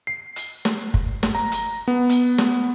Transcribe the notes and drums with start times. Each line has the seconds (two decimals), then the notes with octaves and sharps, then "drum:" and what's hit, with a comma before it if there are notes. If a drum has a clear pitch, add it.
0.07 C7
0.36 drum: hi-hat
0.65 drum: snare
0.94 drum: kick
1.23 drum: snare
1.35 A#5
1.52 drum: hi-hat
1.88 B3
2.09 drum: hi-hat
2.38 drum: snare